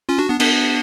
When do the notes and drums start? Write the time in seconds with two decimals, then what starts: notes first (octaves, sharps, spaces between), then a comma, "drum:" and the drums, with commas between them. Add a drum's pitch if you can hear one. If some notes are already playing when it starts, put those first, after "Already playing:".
0.09 C#4 F4
0.18 D4 F#4
0.29 B3 D4
0.40 B3 D4, drum: cymbal